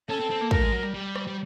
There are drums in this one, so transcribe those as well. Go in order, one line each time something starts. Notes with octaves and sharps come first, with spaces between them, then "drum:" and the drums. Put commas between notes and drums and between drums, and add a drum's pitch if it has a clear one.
C#4 A4
C4
C4
A#3
A3 A#4, drum: kick
G#3
F#3
G3
G3
drum: rim click
G3